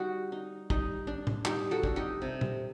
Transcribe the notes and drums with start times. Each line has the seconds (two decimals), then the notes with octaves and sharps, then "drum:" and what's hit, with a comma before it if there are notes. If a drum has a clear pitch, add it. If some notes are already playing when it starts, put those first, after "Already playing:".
Already playing: G3 D#4 F#4
0.32 D#4
0.70 G3 D#4, drum: kick
1.07 D4
1.27 drum: tom
1.45 G3 D#4 G4, drum: clap
1.71 F#4 A4
1.83 D4, drum: kick
1.96 D#4 G4
2.22 C3
2.41 drum: tom